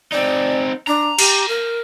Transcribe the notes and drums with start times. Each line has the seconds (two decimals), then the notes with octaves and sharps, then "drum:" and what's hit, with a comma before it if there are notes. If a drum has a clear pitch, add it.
0.12 C4 D#4 D5
0.87 D4 A#5
1.19 G4, drum: cymbal
1.48 A#4